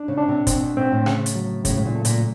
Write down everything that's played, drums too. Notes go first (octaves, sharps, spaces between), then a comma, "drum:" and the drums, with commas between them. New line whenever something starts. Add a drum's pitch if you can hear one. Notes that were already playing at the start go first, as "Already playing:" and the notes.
Already playing: D4
C#3
D4
C3
B2 C4, drum: kick, hi-hat
B2
B2 C4
A2
C#3, drum: rim click
drum: hi-hat
F#3
A2 C#3, drum: kick, hi-hat
A2
A#2
A3
A#2, drum: hi-hat